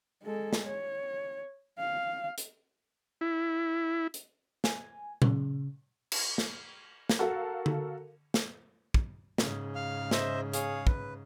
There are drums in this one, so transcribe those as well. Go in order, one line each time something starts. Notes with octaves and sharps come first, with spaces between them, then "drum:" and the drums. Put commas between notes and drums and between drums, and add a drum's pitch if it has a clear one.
G#3 A4
drum: snare
C#5
F5
drum: hi-hat
E4
drum: hi-hat
G#5, drum: snare
C#3, drum: tom A#2
drum: cymbal
drum: snare
drum: snare
F#4 A4 A#4 F5
drum: tom D3
drum: snare
drum: kick
G#2 C#3, drum: snare
F5 F6
C5 D#5 E5, drum: snare
G#4 C#5 F5, drum: hi-hat
B4, drum: kick